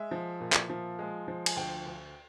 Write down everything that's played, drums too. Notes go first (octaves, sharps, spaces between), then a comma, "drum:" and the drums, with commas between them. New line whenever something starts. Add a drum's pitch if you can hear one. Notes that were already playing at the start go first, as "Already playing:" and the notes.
Already playing: G#3 E5
F3
A#2
drum: clap
F3
G#3
F3
G#5, drum: cymbal
D2 G5
D2